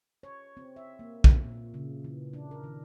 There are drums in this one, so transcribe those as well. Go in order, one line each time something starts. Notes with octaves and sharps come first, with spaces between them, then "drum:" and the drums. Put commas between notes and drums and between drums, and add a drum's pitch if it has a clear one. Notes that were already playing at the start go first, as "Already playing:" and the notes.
C#5
C4
E5
A#3
drum: kick
A#2
C#3
E3
D4
A#4
D#3